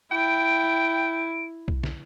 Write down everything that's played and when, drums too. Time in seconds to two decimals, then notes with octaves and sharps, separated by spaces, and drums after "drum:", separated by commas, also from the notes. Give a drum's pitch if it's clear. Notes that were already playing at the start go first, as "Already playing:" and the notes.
0.12 E4 G5 D7
1.68 drum: kick
1.84 drum: snare